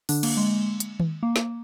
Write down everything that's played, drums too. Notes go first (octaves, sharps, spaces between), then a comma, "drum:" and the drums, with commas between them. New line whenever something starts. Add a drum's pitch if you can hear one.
D3 D4, drum: open hi-hat
A#3, drum: cymbal
G#3
drum: hi-hat
drum: tom D#3
A#3
drum: snare